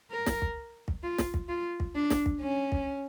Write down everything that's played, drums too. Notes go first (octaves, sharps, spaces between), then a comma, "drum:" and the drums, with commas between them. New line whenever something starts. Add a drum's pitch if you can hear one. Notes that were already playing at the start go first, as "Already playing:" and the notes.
A#4
drum: snare
drum: kick
drum: kick
F4
drum: snare
drum: kick
F4
drum: kick
D4
drum: snare
drum: kick
C#4
drum: kick